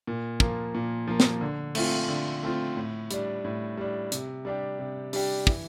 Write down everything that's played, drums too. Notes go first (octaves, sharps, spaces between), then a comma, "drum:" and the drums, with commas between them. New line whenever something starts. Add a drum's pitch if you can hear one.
A#2
F3 A#3, drum: kick
A#2
F3 A#3
drum: snare
D3
A3 C4 F4, drum: cymbal
D3
A3 C4 F4
A2
G3 D4, drum: hi-hat
A2
G3 D4
C3, drum: hi-hat
G3 D4 G4
C3
G3 D4 G4, drum: open hi-hat
E3, drum: kick